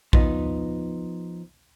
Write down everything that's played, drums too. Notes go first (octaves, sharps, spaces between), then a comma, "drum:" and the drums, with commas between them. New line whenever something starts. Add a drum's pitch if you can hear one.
F3 B3 D#4, drum: kick A#1